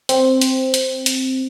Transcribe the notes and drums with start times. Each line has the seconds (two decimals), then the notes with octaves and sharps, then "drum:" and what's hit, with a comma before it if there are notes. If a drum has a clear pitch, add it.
0.09 C4, drum: hi-hat
0.41 drum: hi-hat
0.74 drum: hi-hat
1.06 drum: hi-hat